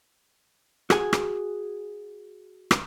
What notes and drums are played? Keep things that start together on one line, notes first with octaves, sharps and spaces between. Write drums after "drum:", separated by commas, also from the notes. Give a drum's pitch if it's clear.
F#4 G#4 G#5, drum: rim click
drum: rim click
drum: rim click